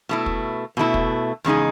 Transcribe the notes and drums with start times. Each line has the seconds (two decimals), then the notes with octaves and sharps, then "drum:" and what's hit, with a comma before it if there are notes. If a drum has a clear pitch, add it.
0.09 B2 A3 E4
0.26 drum: kick
0.77 B2 A3 E4
0.94 drum: kick
1.44 E2 C#3 G#3 D#4 G#4